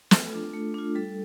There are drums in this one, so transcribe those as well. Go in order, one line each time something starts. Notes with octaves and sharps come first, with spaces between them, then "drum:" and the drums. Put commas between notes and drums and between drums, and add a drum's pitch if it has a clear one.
A3 A4, drum: snare
D4 F4
A3
D4 F4
G3 A4